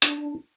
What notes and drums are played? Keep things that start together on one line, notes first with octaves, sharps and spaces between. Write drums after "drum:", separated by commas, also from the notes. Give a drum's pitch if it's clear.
D4, drum: hi-hat